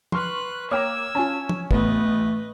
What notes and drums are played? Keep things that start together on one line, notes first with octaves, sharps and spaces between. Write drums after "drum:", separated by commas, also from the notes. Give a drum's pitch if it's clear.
B4 C6 C#6 F6 F#6, drum: tom
A#3 C#5 G5 A#5 D6 E6 F6 G#6
C#4 F4 G#5 A5
drum: tom
A1 A2 A3 B3 B4 D#5, drum: kick